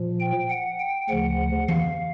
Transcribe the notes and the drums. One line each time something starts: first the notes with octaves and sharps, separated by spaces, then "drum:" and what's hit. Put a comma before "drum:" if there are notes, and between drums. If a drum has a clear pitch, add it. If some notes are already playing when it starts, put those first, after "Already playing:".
Already playing: A#2 F3
G5
F#5
G5
D2 C#3 F3 F#5
F5, drum: tom E3